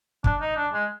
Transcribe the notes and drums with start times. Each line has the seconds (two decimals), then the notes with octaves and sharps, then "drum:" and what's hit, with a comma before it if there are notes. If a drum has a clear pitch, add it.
0.24 D4, drum: kick
0.41 D#4
0.57 D4
0.73 G#3